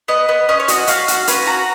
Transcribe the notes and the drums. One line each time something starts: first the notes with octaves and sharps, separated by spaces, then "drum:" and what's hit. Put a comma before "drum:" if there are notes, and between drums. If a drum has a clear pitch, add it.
B3 D#5
B3
C#4 D#5
C#5
F#4 D#5, drum: hi-hat
C#4 F5, drum: hi-hat
F#4, drum: hi-hat
C#4 B4, drum: hi-hat
F#4 A#5